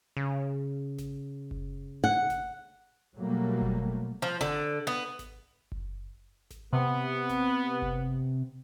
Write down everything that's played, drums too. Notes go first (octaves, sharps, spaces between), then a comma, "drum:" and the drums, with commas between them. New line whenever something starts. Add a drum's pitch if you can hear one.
C#3
drum: snare G#1
drum: kick F#1
F#5
drum: snare G#1
B2 F#3 G3 A3 A#3
drum: kick F#1
F3
D3, drum: snare G#1
B3
drum: snare G#1
drum: kick F#1
drum: snare G#1
C3 B3
drum: snare G#1
drum: kick F#1